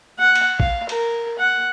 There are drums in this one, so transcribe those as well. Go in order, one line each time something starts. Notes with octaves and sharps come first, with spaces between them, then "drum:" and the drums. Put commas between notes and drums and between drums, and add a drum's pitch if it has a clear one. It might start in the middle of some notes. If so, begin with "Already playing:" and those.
F#5
drum: cymbal
F5, drum: kick A#1
A#4, drum: cymbal
F#5